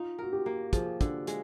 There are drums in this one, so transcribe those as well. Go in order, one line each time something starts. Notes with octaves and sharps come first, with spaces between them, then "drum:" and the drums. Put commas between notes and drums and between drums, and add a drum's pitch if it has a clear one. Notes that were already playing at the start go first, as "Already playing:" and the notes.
Already playing: D#4 F4
F#4 A#4
G4
A#3
F3 G#4, drum: kick, hi-hat
D3, drum: kick, hi-hat
G#3, drum: hi-hat